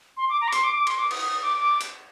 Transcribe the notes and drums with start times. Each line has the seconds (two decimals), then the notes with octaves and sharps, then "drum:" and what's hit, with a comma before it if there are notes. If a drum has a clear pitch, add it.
0.17 C6
0.29 D6
0.41 A#5
0.48 D6
0.53 C6, drum: hi-hat
0.64 D6
0.76 D6
0.87 C6, drum: cymbal
0.99 D6
1.11 D#6, drum: cymbal
1.27 D#6
1.42 D6
1.58 D6
1.81 drum: hi-hat